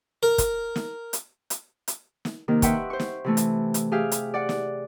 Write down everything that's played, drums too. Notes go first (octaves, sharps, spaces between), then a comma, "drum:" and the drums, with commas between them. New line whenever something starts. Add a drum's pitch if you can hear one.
A#4
drum: kick, hi-hat
drum: snare
drum: hi-hat
drum: hi-hat
drum: hi-hat
drum: snare
C3 D#3 A#3
B4 E5 F#5 G5 C6 C#6, drum: kick, hi-hat
C5 C#6
drum: snare
C3 E3 A3
drum: hi-hat
drum: hi-hat
G4 G#4 E5 F5
drum: hi-hat
D5 F#5
drum: snare